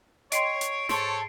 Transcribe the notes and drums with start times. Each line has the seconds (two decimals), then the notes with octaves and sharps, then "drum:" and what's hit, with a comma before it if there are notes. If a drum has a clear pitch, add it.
0.32 C#5 D#5 G5 C6 C7 D7, drum: hi-hat
0.61 drum: hi-hat
0.89 G#2 A4 C5 C#5 A5 C6, drum: snare